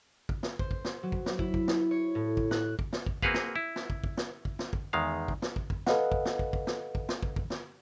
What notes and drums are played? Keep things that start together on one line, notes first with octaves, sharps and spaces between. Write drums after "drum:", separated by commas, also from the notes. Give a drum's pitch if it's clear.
drum: kick
drum: snare
C5, drum: kick
drum: kick
drum: snare
F#3
drum: kick
drum: snare
E4, drum: kick
drum: kick
drum: snare
C#5
A2
drum: kick
F#6, drum: snare
drum: kick
drum: snare
drum: kick
A#3 C4 F#4 G#4 B4 F5, drum: kick
drum: snare
E4
drum: snare
drum: kick
drum: kick
drum: snare
drum: kick
drum: snare
drum: kick
E2 D#3 G#3 F5
drum: kick
drum: snare
drum: kick
drum: kick
A4 B4 D#5 F5 F#5, drum: snare
drum: kick
drum: snare
drum: kick
drum: kick
drum: snare
drum: kick
drum: snare
drum: kick
drum: kick
drum: snare